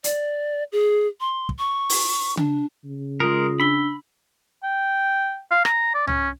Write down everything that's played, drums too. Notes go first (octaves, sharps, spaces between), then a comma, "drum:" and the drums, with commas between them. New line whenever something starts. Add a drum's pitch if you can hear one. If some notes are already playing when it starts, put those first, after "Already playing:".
D5, drum: hi-hat
G#4
C6
drum: kick
C#6
drum: open hi-hat
D4, drum: tom C#3
C#3
G#3 F4 A#4 D#6
D4 B5 E6 G7
G5
F5
A#5, drum: rim click
D5
C#4, drum: tom C2